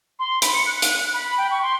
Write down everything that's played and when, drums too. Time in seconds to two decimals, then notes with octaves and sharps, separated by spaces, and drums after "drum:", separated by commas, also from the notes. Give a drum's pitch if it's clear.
0.19 C6
0.42 B5, drum: hi-hat
0.54 C#7
0.66 F#6
0.82 F#6, drum: hi-hat
1.14 B5
1.38 G5
1.51 C#6
1.63 C6